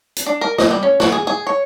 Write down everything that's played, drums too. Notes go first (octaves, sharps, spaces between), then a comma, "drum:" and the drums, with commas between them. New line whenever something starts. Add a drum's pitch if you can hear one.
drum: hi-hat
D4
A#4
D#5, drum: snare
G3
C#4
F#4, drum: snare
G#4
G#4
C#5